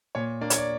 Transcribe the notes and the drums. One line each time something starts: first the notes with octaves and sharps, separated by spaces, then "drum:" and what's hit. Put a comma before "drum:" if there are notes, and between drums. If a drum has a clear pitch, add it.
A#2 C#5
A#3 D4 D5
C#5, drum: hi-hat
D5